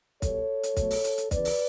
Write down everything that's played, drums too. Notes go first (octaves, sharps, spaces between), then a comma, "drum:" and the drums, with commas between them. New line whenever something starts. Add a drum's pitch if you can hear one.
B2 G3 A4 C#5, drum: kick, hi-hat
drum: hi-hat
B2 F#3 A3, drum: kick, hi-hat
drum: open hi-hat
drum: hi-hat
drum: hi-hat
E2 C#3 E3 B4 D5, drum: kick, hi-hat
drum: open hi-hat